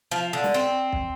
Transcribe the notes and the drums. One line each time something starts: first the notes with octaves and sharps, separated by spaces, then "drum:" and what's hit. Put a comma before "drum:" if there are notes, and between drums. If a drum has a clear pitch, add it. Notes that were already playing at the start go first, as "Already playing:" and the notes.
F3
D3
drum: snare
C4
drum: kick